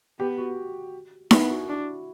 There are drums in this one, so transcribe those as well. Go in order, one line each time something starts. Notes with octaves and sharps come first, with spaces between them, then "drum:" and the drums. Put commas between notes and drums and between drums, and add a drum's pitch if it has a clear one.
B3 G4
F#4
B3 E4, drum: snare D#4
F#4
D4